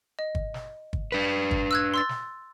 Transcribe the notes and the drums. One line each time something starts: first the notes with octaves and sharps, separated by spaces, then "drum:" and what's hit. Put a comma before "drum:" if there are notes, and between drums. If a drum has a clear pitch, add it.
D#5
drum: kick G1
drum: snare
drum: kick G1
D4 B4
drum: kick G1
E6 F#6 G#6
C6 E6 A6
drum: snare